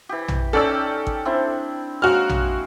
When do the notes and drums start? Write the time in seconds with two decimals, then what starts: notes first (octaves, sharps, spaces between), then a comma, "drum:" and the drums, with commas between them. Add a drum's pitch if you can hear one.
0.09 E3 G4
0.28 drum: tom A#1
0.53 D#3 C#4 G4 A4 D5 E6
1.07 drum: kick
1.25 C4 D4 E4
2.02 F#3 G#3 A#3 F#4 F6
2.30 drum: tom A#1